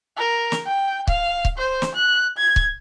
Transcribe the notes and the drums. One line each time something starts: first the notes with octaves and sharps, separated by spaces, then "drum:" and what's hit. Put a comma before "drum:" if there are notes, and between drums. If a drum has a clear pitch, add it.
A#4
drum: snare
G5
F5, drum: kick C#1
drum: kick C#1
C5
drum: snare
F#6
G#6
drum: kick C#1